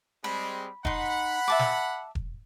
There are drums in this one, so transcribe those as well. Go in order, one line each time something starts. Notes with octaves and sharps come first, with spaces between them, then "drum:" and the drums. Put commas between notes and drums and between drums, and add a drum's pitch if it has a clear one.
G3 G#3 C4 B5
D#4 F#5 B5 C6, drum: kick E1
E5 A5 D6
drum: snare
drum: kick E1